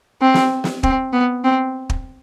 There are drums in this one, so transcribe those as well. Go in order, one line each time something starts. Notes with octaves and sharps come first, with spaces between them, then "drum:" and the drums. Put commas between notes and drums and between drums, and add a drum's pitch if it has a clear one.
C4
drum: snare
drum: snare
C4, drum: kick
B3
C4
drum: kick